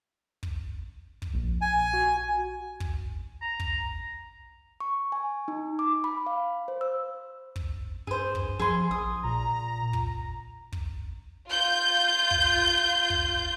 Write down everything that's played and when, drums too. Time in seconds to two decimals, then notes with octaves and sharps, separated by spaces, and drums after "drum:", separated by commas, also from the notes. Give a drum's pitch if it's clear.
0.43 drum: kick
1.22 drum: kick
1.34 A#1
1.61 G#5
1.93 F#4
2.80 drum: kick
3.42 A#5
3.60 drum: kick
4.80 C#6
5.12 G#5
5.48 D#4
5.79 D6
6.04 B5
6.26 F5
6.68 C5
6.81 E6
7.56 drum: kick
8.07 G2 G#4 C5
8.35 drum: kick
8.59 F3 G#4 C6
8.91 A#1 D#6
9.25 A#2 A#5
9.93 drum: kick
10.72 drum: kick
11.51 F4 G6
12.31 drum: kick
13.10 drum: kick